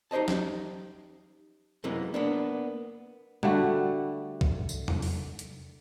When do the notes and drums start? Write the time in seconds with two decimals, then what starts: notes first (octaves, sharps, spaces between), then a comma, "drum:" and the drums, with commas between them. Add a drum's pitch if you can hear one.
0.11 D#4 G4 C5 D#5 A5
0.28 drum: snare
1.84 F#2 C3 E3 G#3 A#3 B3
2.14 A#3 B3 D4
3.43 D3 G3 A3 F#4, drum: tom G3
4.41 drum: kick
4.69 drum: tambourine
4.88 drum: tom E2
5.02 drum: open hi-hat
5.39 drum: hi-hat